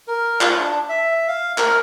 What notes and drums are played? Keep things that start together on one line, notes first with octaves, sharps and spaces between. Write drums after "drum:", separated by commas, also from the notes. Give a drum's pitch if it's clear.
A#4
F4, drum: clap
D4
E5
F5
A#4, drum: clap